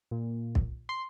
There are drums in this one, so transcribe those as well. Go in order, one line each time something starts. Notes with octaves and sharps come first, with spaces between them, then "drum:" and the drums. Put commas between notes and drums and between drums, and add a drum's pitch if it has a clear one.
A#2
drum: kick
C6